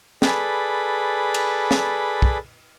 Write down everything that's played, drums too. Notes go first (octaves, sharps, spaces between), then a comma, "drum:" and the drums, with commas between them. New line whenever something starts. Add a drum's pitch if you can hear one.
G#4 A4 B4 D5 B5, drum: snare
drum: cymbal
drum: snare
drum: kick